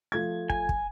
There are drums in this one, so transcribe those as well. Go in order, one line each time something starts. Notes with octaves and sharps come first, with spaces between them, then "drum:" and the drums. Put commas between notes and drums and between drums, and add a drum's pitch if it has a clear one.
F3 A3 G#6
G#5, drum: kick
drum: kick